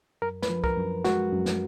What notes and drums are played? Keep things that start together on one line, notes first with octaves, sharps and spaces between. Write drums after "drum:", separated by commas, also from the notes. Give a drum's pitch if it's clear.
F#2 A#4
B4, drum: snare
F3
A#4, drum: kick
F#2
G#3 F#4, drum: snare
F#2
drum: snare